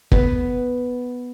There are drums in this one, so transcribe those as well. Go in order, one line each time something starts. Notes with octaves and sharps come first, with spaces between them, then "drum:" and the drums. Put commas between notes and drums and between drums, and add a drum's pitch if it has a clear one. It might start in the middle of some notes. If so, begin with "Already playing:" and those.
B3, drum: kick